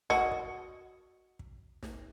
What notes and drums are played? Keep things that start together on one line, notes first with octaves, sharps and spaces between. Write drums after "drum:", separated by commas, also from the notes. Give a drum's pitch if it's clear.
F#4 D#5, drum: snare
drum: kick
drum: kick
drum: snare